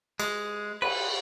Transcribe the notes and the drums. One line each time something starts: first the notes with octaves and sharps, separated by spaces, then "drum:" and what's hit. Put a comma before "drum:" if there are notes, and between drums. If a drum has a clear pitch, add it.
G#3, drum: cymbal
B4, drum: cymbal